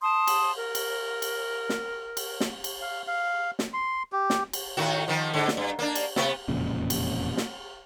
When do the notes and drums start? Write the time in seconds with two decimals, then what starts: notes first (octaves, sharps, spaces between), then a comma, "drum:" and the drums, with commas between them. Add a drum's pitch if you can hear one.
0.02 A5 C6 D#6
0.27 drum: cymbal
0.58 A#4
0.75 drum: cymbal
1.22 drum: cymbal
1.69 drum: snare
2.17 drum: cymbal
2.40 drum: snare
2.64 drum: cymbal
2.82 F5
3.07 F5
3.59 drum: snare
3.73 C6
4.12 G4
4.30 drum: snare
4.53 drum: cymbal
4.77 A2 D#3 F#4
5.08 D#3 F3
5.34 G#2 D3
5.48 drum: snare
5.57 G2
5.79 A#3 D4
5.95 drum: cymbal
6.16 C3 B3, drum: snare
6.48 E1 F2 A#2 C#3
6.90 drum: cymbal
7.37 drum: snare